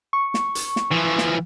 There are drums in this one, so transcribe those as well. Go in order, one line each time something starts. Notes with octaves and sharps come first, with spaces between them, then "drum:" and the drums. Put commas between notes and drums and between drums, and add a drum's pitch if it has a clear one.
C#6
drum: snare
drum: hi-hat
drum: snare
E3 F3
drum: snare